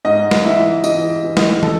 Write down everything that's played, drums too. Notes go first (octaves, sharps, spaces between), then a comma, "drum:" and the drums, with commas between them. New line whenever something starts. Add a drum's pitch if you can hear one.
G#2 D#5
drum: snare
E3 E5
E3 D#5, drum: tambourine
E3
D#5, drum: snare
A4, drum: tom